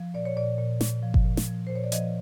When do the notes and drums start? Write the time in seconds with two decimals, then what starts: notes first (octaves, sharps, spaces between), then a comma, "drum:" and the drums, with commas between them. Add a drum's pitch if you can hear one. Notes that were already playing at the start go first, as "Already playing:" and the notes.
Already playing: F3
0.14 A#2 D5
0.25 C#5
0.37 A#2 D5
0.58 A#2
0.81 A#2, drum: snare
1.03 F3
1.14 drum: kick G1
1.25 A#2
1.37 drum: snare
1.48 F3
1.67 C5
1.70 A#2
1.75 C#5
1.84 D5
1.92 F3 D#5, drum: hi-hat